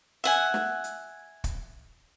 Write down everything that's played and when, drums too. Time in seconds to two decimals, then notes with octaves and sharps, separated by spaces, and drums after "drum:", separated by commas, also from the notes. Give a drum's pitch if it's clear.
0.24 E5 F#5 G#5, drum: open hi-hat
0.54 drum: snare
0.84 drum: hi-hat
1.44 drum: kick, hi-hat